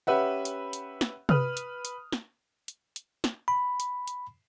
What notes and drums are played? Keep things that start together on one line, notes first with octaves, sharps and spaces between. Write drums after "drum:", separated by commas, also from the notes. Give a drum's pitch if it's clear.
C#4 G4 B4 E5 F#5
drum: hi-hat
drum: hi-hat
drum: snare
B4 D#6 F6, drum: tom C3
drum: hi-hat
drum: hi-hat
drum: snare
drum: hi-hat
drum: hi-hat
drum: snare
B5
drum: hi-hat
drum: hi-hat